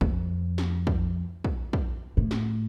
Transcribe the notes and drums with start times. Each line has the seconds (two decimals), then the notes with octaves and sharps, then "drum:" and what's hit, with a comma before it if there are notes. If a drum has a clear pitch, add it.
0.01 F2, drum: kick
0.58 drum: snare
0.87 drum: kick
1.44 drum: kick
1.73 drum: kick
2.17 A2
2.31 drum: snare